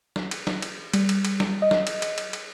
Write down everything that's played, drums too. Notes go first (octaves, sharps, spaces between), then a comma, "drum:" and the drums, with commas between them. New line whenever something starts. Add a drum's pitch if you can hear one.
drum: snare F#3
drum: cymbal
drum: snare F#3
drum: cymbal
G3, drum: cymbal
drum: cymbal
drum: cymbal
drum: snare F#3
D#5
drum: snare F#3
drum: cymbal
drum: cymbal
drum: cymbal
drum: cymbal